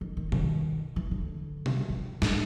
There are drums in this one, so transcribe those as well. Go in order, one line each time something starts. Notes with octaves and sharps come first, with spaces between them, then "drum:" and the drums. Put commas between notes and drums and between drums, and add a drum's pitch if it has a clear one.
D#3
D#3
D#3, drum: tom B2
E3
D3
drum: tom B2
D3
A2, drum: snare